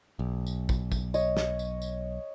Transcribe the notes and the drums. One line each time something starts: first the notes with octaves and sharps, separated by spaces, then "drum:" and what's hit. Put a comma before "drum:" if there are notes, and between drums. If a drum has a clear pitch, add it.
B1
drum: tambourine
drum: kick, tambourine
drum: kick, tambourine
C#5 D#5, drum: tambourine
drum: snare
drum: tambourine
drum: tambourine